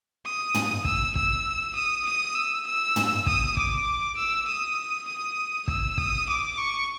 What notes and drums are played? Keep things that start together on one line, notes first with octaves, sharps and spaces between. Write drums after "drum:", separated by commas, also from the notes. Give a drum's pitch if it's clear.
D#6
drum: tom
E6, drum: kick
E6, drum: kick
D#6
D#6
E6
E6
drum: tom
D#6, drum: kick
D6, drum: kick
E6
D#6
D#6
E6, drum: kick
D#6, drum: kick
D6
C#6